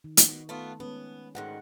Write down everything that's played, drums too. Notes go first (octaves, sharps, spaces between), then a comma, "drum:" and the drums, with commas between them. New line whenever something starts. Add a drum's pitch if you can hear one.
D#3
drum: hi-hat
B2
A3 B3 F4
G#3 B3 C#4
D2 G#2 D#3 F#5